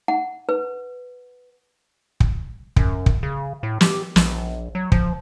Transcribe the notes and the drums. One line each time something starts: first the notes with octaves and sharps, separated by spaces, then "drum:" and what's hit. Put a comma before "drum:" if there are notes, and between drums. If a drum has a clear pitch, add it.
F#5
B4
drum: kick
F#2, drum: kick
drum: kick
C#3
A2
G4, drum: snare
A#1, drum: snare
F#3
F3, drum: kick